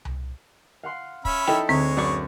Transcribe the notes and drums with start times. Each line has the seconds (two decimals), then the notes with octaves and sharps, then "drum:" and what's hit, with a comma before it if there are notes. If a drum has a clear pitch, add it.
0.05 drum: tom C2
0.83 F5 F#5 C6
1.25 C#4 E5 B5, drum: kick
1.48 D#4 E4 A4 G5, drum: snare
1.69 D2 G#3 C4 C#5
1.97 F#2 D5 C#6